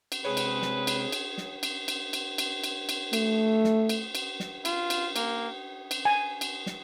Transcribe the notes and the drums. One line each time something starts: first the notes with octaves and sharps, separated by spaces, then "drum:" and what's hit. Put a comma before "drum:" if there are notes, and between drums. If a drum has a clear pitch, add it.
drum: cymbal
C3 G#3 C4 G#4 B4 C#5
drum: cymbal
drum: snare
drum: cymbal
drum: cymbal
drum: snare
drum: cymbal
drum: cymbal
drum: cymbal
drum: cymbal
drum: cymbal
drum: cymbal
A3, drum: cymbal
drum: snare
drum: cymbal
drum: cymbal
drum: snare
F4, drum: cymbal
drum: cymbal
A#3, drum: cymbal
drum: cymbal
G#5
drum: cymbal
drum: snare